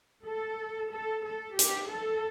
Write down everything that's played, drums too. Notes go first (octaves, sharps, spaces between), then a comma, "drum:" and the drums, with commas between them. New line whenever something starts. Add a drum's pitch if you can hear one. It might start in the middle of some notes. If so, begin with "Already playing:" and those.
A4
A4
A4
G4, drum: hi-hat
A4